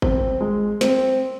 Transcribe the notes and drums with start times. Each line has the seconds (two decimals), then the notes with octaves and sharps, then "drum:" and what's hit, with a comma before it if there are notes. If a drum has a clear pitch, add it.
0.02 C4, drum: kick G#1
0.41 G#3
0.81 C4, drum: snare